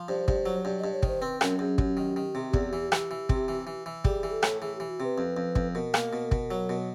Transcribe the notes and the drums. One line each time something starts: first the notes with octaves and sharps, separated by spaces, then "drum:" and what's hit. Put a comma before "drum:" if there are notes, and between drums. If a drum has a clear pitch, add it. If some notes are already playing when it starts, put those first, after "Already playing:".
Already playing: F3
G2 C5
G2, drum: kick
F#3
G2
G2 D#5
C#5
D#3, drum: kick
C5
C4 B4
F#2 A#4, drum: rim click
F#2 G#4
F#2 G4, drum: kick
D#3
D#3
C3
E2, drum: kick
E3
E3, drum: rim click
E3
C3, drum: kick
E3
E3
E3
G3 G#4, drum: kick
E3
G#4
A4
A2, drum: rim click
E3 G#4
E3 G4
F#4
C3 B4
F2
F2
F2, drum: kick
B2 A#4
A#3, drum: rim click
B2
B2, drum: kick
F#3
B2